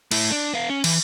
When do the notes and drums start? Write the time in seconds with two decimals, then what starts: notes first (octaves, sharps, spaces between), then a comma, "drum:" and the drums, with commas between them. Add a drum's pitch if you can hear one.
0.11 A3 E4, drum: cymbal
0.32 D4
0.54 B3 F5
0.70 C#4
0.84 E3, drum: cymbal